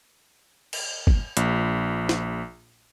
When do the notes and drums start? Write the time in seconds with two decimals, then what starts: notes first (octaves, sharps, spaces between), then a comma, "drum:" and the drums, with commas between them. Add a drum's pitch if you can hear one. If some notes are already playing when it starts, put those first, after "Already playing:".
0.73 drum: cymbal
1.07 drum: kick G1
1.37 A#1, drum: hi-hat
2.09 drum: snare